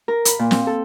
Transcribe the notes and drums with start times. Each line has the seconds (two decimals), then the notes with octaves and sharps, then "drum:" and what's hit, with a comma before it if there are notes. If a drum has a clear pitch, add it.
0.08 A#4
0.25 B5, drum: hi-hat
0.39 A#2
0.51 C4, drum: snare
0.67 A4